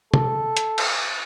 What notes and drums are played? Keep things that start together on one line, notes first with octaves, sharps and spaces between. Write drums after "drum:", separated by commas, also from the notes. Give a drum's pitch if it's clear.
A4, drum: tom C3
drum: hi-hat
drum: cymbal